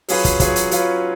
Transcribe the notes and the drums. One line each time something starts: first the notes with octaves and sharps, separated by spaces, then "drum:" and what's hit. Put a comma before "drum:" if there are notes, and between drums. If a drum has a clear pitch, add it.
F#3 C#4 F4 G#4 B4, drum: open hi-hat
drum: kick, hi-hat
F#3 C#4 F4 G#4 B4, drum: kick, hi-hat
drum: hi-hat
F#3 C#4 F4 G#4 B4, drum: hi-hat